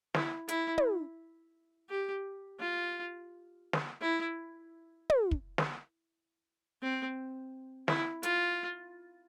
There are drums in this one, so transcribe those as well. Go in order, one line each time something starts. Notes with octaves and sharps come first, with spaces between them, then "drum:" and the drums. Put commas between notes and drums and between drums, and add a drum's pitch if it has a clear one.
E4, drum: snare
E4, drum: hi-hat
drum: tom
G4
F4
drum: snare
E4
drum: tom
drum: kick
drum: snare
C4
E4, drum: snare
F4, drum: hi-hat